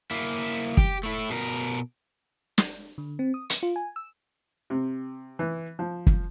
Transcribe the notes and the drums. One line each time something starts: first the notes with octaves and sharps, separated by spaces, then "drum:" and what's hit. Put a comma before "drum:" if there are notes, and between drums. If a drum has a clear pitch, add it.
A#3 E4
G4, drum: kick
A3 E4
B2 A#4
drum: snare
D3
C4
D#6
C#7, drum: hi-hat
F4
G#5
E6
C3
E3
F3
drum: kick